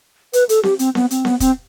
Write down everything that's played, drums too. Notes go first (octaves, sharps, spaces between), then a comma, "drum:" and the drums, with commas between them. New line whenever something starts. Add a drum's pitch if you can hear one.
B4, drum: hi-hat
A4, drum: hi-hat
G4, drum: snare C4
C4, drum: hi-hat
B3, drum: snare C4
C4, drum: hi-hat
B3, drum: snare C4
C4, drum: kick, hi-hat